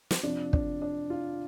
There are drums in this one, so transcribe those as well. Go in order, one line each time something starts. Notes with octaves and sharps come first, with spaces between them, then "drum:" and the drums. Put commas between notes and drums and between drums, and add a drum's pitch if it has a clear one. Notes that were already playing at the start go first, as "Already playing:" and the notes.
drum: snare
F2 C3 F3 D4
D4, drum: kick
D4
F4